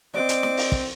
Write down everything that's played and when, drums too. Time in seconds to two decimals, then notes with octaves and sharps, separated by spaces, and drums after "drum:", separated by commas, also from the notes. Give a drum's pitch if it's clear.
0.14 C4 D5 D#5 D6
0.29 drum: hi-hat
0.43 drum: snare
0.57 drum: open hi-hat
0.72 drum: kick